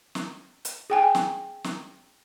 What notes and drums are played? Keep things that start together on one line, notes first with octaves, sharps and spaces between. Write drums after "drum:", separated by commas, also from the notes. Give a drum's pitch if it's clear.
drum: snare
drum: hi-hat
G#4 G5 G#5
drum: snare
drum: snare